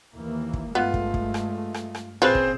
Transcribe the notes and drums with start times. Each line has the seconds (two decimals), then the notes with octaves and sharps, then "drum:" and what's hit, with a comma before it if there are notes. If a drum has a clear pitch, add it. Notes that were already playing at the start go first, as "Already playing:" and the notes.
0.13 D#2 E3 A#3
0.53 drum: kick
0.75 G2 G#3 A3 B3 F4
0.94 drum: kick
1.14 drum: kick
1.34 drum: rim click
1.74 drum: rim click
1.95 drum: rim click
2.22 A#1 A#2 C#3 C4 F4 G#4 B4 C5
2.35 drum: kick